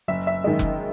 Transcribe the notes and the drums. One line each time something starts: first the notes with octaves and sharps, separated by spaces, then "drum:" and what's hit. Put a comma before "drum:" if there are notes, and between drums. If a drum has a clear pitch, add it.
F#1 E5
E5
F#2 D#3 G#3 D#5
drum: kick F1